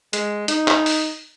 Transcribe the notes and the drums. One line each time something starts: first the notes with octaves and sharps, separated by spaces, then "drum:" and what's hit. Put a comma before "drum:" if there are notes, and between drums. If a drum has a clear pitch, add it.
G#3, drum: hi-hat
D#4, drum: hi-hat
drum: clap
drum: open hi-hat